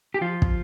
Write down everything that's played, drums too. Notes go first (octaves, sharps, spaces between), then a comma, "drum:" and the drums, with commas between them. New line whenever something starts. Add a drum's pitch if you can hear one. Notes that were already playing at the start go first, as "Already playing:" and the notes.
G4
F3 F4
drum: kick